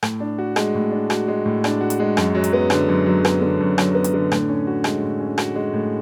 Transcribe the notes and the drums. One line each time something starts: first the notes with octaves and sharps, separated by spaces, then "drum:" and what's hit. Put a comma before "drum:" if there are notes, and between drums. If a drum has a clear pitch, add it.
A2, drum: rim click
D4
F#4
G#3, drum: rim click
A2
D4
F#4, drum: rim click
G#3
A2
D4, drum: rim click
F#4
drum: hi-hat
G#3
F#2, drum: rim click
F#3
drum: hi-hat
B3
D3, drum: rim click
F#2
F#3
B3, drum: rim click
D3
F#2
F#3, drum: rim click
B3
drum: hi-hat
D3
A2, drum: rim click
C#4
F#4
G#3, drum: rim click
A2
C#4
F#4, drum: rim click
G#3
A2